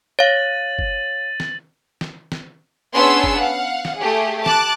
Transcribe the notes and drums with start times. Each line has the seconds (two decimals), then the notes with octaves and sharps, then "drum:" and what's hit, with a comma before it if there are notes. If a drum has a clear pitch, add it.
0.19 C#5 F5 A6 D#7 F#7
0.79 drum: kick F#1
1.40 drum: snare
2.01 drum: snare
2.32 drum: snare
2.92 B3 C#4 D4 G#4 C6 E6
3.24 drum: kick F#1
3.37 F5 F#5
3.85 drum: snare
3.97 A3 G4 G#4
4.46 A5 D6 F#6, drum: snare